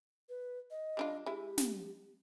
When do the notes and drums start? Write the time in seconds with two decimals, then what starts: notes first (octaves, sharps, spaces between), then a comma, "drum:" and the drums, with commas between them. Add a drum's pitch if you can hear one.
0.29 B4
0.71 D#5
0.97 G3 D4 F4
1.26 G#3 E4 G4
1.58 drum: snare